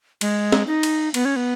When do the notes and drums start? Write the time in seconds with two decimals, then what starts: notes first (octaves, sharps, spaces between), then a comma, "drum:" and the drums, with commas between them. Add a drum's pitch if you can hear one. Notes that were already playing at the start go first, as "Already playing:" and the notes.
0.21 G#3, drum: cymbal
0.52 drum: snare
0.67 D#4
0.83 drum: cymbal
1.14 B3, drum: cymbal
1.25 C#4
1.36 B3